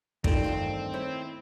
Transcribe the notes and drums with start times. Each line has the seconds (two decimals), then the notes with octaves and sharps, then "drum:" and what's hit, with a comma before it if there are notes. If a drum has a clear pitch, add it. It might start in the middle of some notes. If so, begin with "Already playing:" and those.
0.24 D#3 G3 A3 C4 F4, drum: kick
0.44 E2 G2 F4
0.94 E4 C5 C#5